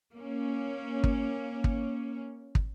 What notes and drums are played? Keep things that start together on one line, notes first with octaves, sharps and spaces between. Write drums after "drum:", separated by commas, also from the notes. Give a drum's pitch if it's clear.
A#3 C#4
drum: kick
drum: kick
drum: kick